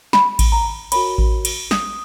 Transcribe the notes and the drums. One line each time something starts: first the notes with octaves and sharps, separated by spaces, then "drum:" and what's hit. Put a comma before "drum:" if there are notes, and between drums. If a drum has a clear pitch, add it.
B5, drum: snare
drum: kick A1, cymbal
A#5
F#4 A#4 C#5 B5, drum: cymbal
drum: kick A1
drum: cymbal
D#6, drum: snare